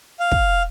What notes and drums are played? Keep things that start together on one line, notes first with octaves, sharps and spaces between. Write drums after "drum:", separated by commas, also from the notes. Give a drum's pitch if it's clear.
F5
drum: kick